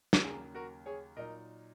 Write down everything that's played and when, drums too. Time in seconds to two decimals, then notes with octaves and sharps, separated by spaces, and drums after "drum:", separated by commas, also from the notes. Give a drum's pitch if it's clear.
0.13 drum: snare
0.24 D#2 C#3 F#3 A#3 G#4
0.55 F#4 A#4
0.86 G#4 C#5
1.17 A#2 F#3 D#4 A#4 D#5